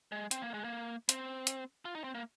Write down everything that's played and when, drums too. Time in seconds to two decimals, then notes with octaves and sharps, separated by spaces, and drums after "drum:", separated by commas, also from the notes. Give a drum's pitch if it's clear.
0.12 G#3
0.31 C4, drum: hi-hat
0.42 A#3
0.54 G#3
0.64 A#3
1.09 C4, drum: hi-hat
1.47 drum: hi-hat
1.85 F4
1.95 D#4
2.04 C4
2.15 A#3